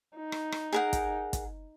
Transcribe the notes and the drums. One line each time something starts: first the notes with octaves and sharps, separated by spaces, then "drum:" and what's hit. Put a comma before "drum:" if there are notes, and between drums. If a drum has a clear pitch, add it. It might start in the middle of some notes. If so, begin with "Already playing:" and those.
D#4
drum: rim click
drum: rim click
G#4 A#4 F#5
drum: kick, hi-hat
drum: kick, hi-hat